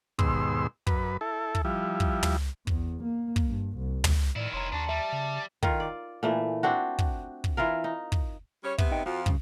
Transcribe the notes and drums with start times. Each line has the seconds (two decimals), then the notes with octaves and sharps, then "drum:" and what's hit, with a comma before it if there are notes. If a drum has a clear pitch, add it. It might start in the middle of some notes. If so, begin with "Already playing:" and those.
0.19 D#2 G#2 B2 C6 E6, drum: kick
0.87 F#2 B4, drum: kick
1.21 E4 A4
1.55 drum: kick
1.65 F3 G3 E4
2.00 drum: kick
2.23 drum: tom
2.67 E2, drum: kick
3.04 A#3
3.36 drum: kick
3.47 G2
3.77 C2
4.04 drum: tom
4.36 A2 D#3 E4 D5
4.53 F1 C#5 A#5 C6
4.72 D#2 D4 F#4 A5
4.89 G3 E5
5.12 C#3
5.63 D#3 F4, drum: kick
5.80 D5
6.23 A#2 E3 A3
6.63 C4 D4 F#4
6.99 drum: kick
7.44 drum: kick
7.57 E3 E4 F4 A#4
7.84 D#4
8.12 drum: kick
8.64 G3 C#4 C#5
8.78 C3 B3 E5, drum: kick
8.91 D#4 D#5 G5
9.06 F2 F3 F4 F#4
9.26 C2 G2 C#3, drum: kick